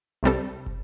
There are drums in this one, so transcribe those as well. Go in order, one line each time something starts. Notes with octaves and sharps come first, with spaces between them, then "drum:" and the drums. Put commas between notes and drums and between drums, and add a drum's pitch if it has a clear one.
C2 C3 G3 C4 A4
drum: kick